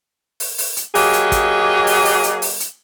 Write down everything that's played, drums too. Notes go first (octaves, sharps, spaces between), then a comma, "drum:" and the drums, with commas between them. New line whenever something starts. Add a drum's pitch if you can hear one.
drum: open hi-hat
drum: open hi-hat
drum: hi-hat
F#3 A#3 G4 G#4 D#5, drum: open hi-hat
drum: hi-hat
drum: kick, hi-hat
drum: open hi-hat
drum: open hi-hat
drum: hi-hat
drum: open hi-hat
drum: hi-hat